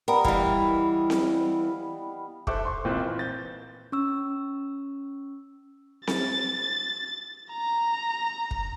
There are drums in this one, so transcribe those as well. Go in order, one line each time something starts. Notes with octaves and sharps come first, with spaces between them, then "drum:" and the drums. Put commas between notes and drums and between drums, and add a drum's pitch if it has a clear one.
G3 B3 A#4 A#5
E3 G3 B4 D#5 F5, drum: kick
drum: snare C4
A4 C5 E5 C#6 D6 F#6, drum: kick
C6 C#6
G#1 A#2 C4 F4 C5 F#6
A#2 E3
G6 A6
C#4 C#6 E6
A6, drum: snare C4
A#5
drum: kick